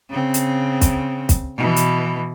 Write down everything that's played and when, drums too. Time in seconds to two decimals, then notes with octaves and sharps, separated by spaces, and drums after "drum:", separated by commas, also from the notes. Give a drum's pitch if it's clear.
0.10 C#3 C4
0.34 drum: hi-hat
0.81 drum: kick, hi-hat
1.29 drum: kick, hi-hat
1.57 B2 E3
1.76 drum: hi-hat